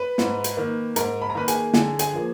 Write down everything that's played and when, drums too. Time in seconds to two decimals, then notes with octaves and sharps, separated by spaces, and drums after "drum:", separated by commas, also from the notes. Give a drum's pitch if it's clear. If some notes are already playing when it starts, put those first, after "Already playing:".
Already playing: B4 B5
0.18 G#2, drum: snare
0.44 drum: hi-hat
0.57 D#3 A#3
0.96 G#2 A#4 A#5, drum: hi-hat
1.22 B5
1.30 A#5
1.35 D#3 A#3 B4 B5
1.48 G#4 G#5, drum: hi-hat
1.74 D3 G#4 G#5, drum: snare
1.99 G#4 G#5, drum: hi-hat
2.13 F3 A#3